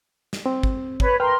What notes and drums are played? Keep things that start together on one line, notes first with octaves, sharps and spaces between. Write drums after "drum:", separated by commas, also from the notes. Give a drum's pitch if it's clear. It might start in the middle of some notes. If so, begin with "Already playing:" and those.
drum: snare
C4
drum: kick
B4 C#5, drum: kick
A#4 B4 G5 C6 F6